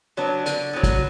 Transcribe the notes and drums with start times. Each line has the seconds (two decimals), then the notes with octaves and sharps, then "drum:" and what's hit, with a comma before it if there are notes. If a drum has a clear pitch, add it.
0.17 F#3 B3 D4
0.46 D3, drum: hi-hat
0.73 F#3 B3
0.83 drum: kick, hi-hat